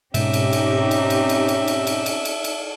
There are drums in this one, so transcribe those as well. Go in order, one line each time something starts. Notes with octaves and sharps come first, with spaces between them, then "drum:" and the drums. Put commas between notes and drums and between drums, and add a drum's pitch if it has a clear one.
G#2 B2 C4 C#4 D#4 G4 E5, drum: cymbal
drum: cymbal
drum: cymbal
drum: cymbal
drum: cymbal
drum: cymbal
drum: cymbal
drum: cymbal
drum: cymbal
drum: cymbal
drum: cymbal
drum: cymbal